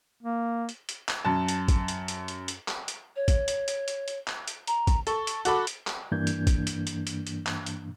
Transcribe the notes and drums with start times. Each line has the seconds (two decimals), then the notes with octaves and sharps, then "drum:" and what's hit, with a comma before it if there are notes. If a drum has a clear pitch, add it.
0.23 A#3
0.69 drum: hi-hat
0.89 drum: hi-hat
1.09 drum: clap
1.25 F#2 A5
1.48 drum: hi-hat
1.68 drum: kick A1, hi-hat
1.88 drum: hi-hat
2.08 drum: hi-hat
2.28 drum: hi-hat
2.48 drum: hi-hat
2.68 drum: clap
2.88 drum: hi-hat
3.16 C#5
3.28 drum: kick A1, hi-hat
3.48 drum: hi-hat
3.68 drum: hi-hat
3.88 drum: hi-hat
4.08 drum: hi-hat
4.28 drum: clap
4.48 drum: hi-hat
4.67 A#5, drum: hi-hat
4.87 drum: kick A1, hi-hat
5.07 A4 C#6, drum: hi-hat
5.27 drum: hi-hat
5.45 F#4 A4 B5 D6, drum: hi-hat
5.67 drum: hi-hat
5.87 drum: clap
6.12 G2 E3 A#3 D4 G6 G#6
6.27 drum: hi-hat
6.47 drum: kick A1, hi-hat
6.67 drum: hi-hat
6.87 drum: hi-hat
7.07 drum: hi-hat
7.27 drum: hi-hat
7.47 drum: clap
7.66 drum: hi-hat